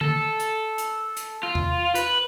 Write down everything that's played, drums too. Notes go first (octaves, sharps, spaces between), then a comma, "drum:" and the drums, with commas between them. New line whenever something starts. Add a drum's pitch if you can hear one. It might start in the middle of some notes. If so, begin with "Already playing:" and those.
A4, drum: tom D3
drum: hi-hat
drum: hi-hat
drum: hi-hat
F4
drum: tom E2
B4, drum: hi-hat